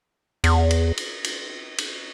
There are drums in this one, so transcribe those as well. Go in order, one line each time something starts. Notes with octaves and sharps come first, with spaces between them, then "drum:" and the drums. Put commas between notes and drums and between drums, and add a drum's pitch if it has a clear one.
E2, drum: cymbal
drum: cymbal
drum: cymbal
drum: cymbal
drum: cymbal